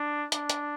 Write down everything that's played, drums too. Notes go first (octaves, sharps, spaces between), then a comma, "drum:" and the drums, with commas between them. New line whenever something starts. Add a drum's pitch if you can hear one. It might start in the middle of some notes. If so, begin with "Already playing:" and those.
Already playing: D4
D4, drum: hi-hat
drum: hi-hat